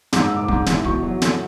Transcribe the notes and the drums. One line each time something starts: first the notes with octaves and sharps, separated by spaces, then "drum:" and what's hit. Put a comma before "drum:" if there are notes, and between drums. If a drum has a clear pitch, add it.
G#2 D6, drum: snare
E6
G#2
D6
G#2 D6, drum: kick
E3, drum: snare
B2 C#6, drum: kick
F#3
A3, drum: snare